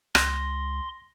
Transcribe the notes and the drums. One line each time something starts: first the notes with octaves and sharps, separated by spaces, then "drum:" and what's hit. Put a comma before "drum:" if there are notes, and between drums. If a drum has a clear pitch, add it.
C#2 C6 A#6, drum: rim click